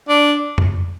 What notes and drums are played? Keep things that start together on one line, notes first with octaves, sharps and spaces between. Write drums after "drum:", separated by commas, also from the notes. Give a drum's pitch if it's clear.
D4
drum: tom F2